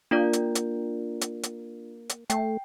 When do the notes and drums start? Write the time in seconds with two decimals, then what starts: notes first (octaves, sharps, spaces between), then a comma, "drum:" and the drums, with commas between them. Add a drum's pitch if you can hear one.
0.11 A#3 D4 F4 D5
0.33 drum: hi-hat
0.55 drum: hi-hat
1.21 drum: hi-hat
1.43 drum: hi-hat
2.09 drum: hi-hat
2.30 A3 G5, drum: hi-hat